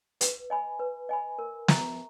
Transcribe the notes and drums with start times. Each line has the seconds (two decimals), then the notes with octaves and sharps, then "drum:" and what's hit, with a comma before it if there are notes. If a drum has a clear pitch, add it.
0.21 B4, drum: hi-hat
0.50 D#5 G#5 B5
0.79 B4
1.09 D#5 G#5 B5
1.39 A#4
1.68 E5 A#5 C#6, drum: snare